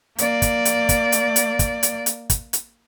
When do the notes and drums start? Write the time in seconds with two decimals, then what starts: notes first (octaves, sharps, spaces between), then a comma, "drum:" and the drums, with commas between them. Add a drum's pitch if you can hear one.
0.18 A#3 D5, drum: hi-hat
0.42 drum: kick, hi-hat
0.65 drum: hi-hat
0.89 drum: kick, hi-hat
1.12 drum: hi-hat
1.36 drum: hi-hat
1.59 drum: kick, hi-hat
1.83 drum: hi-hat
2.06 drum: hi-hat
2.30 drum: kick, hi-hat
2.53 drum: hi-hat